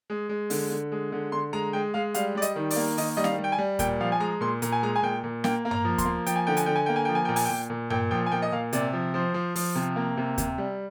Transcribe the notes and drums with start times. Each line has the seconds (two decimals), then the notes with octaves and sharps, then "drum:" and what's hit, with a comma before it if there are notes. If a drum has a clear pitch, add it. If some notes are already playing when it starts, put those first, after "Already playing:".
0.10 G#3
0.29 G#3
0.50 D3, drum: open hi-hat
0.70 D3
0.92 G#3
1.12 D3
1.32 D3 C6
1.53 G#3 A#5
1.73 G#3 G5
1.94 G#3 F5
2.14 G3 F5, drum: hi-hat
2.35 G3 D5
2.42 D#5, drum: hi-hat
2.56 D#3
2.70 D5, drum: open hi-hat
2.76 A#3
2.98 D#3 D#5, drum: open hi-hat
3.17 G3 D#5
3.24 F5, drum: snare
3.38 G3
3.44 G5
3.52 G#5
3.58 G3
3.79 A#2 G5, drum: kick D2, hi-hat
4.00 F3 F5
4.12 G#5
4.20 G#3 A#5
4.41 A#2 C6
4.62 A#2 A#5, drum: hi-hat
4.72 G#5
4.83 G#3 A#5
4.96 G#5
5.03 A#2 G5
5.24 A#2
5.44 A#3 G5, drum: snare
5.65 A#3
5.71 A#5, drum: tom G2
5.85 F3
5.98 C6, drum: kick D2, hi-hat
6.05 A#3
6.26 F3 G5, drum: hi-hat
6.36 G#5
6.47 D3 G5
6.57 G#5, drum: hi-hat
6.66 D3 G5
6.76 G#5
6.86 A#3 G5
6.96 G#5
7.05 F3 G5
7.15 G#5
7.25 A#2 G5
7.36 G#5, drum: open hi-hat
7.45 A#2 G5
7.70 A#2
7.90 A#2 G5, drum: tom G2
8.11 F3 G5
8.26 G#5
8.32 A#2 G5
8.42 D#5
8.52 A#2 F5
8.73 C3 D5, drum: hi-hat
8.93 F3
9.14 F3 C5
9.34 F3
9.56 F3, drum: open hi-hat
9.75 C3
9.96 A#3
10.17 C3
10.38 C3, drum: kick D2, hi-hat
10.58 G3